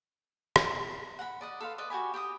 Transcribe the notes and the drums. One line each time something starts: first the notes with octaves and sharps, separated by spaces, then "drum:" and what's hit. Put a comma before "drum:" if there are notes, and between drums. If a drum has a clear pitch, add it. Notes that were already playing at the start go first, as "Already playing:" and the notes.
drum: rim click
F#5 A#5 B5
D5 D#5 F#5
A4 B4 F5 C6
B4 D5 D#5
F#4 G4 G#5 B5
G4 G5 B5 D#6